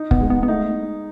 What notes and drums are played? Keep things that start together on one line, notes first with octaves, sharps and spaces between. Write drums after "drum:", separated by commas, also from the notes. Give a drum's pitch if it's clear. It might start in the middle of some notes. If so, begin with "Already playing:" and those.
Already playing: D#4
B3, drum: kick
G#3
B3
B3
A3 D#4